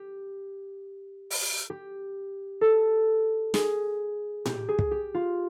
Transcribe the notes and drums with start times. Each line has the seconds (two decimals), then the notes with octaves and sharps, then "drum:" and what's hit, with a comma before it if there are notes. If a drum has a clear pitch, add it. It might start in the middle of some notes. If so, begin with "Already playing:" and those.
Already playing: G4
1.31 drum: open hi-hat
1.70 G4
2.61 A4
3.54 G#4, drum: snare
4.45 G4, drum: tom A2
4.69 G#4
4.79 drum: kick
4.91 G4
5.14 F4